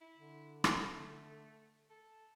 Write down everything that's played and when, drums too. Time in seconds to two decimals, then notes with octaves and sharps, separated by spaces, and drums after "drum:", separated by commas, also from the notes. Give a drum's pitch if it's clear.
0.01 E4
0.16 D3
0.64 A3, drum: rim click
1.90 A4